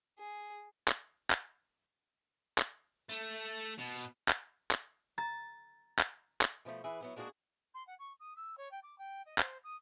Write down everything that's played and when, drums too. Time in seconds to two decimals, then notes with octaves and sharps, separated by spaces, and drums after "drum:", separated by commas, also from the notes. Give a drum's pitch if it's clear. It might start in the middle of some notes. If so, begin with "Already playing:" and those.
0.19 G#4
0.88 drum: clap
1.30 drum: clap
2.58 drum: clap
3.09 A3
3.79 B2
4.28 drum: clap
4.71 drum: clap
5.18 A#5 A6
5.99 drum: clap
6.41 drum: clap
6.65 B2 F3 G3 A3
6.84 E3 G#4 B4 E5
7.01 F#3 B3 E4
7.16 G#3 A#3 D4 F#4 G#4
7.74 C6
7.87 F#5
7.98 C#6
8.19 D#6
8.36 E6
8.57 C#5
8.71 G5
8.82 D6
8.98 G5
9.25 D#5
9.38 C5, drum: clap
9.63 D#6